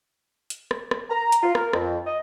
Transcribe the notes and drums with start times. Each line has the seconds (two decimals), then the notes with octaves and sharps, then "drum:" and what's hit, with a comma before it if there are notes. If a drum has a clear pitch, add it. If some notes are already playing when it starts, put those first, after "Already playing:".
0.50 drum: hi-hat
0.71 drum: rim click
0.91 drum: rim click
1.10 A#5
1.32 drum: hi-hat
1.43 F4
1.55 A#4, drum: rim click
1.73 F2, drum: rim click
2.07 D#5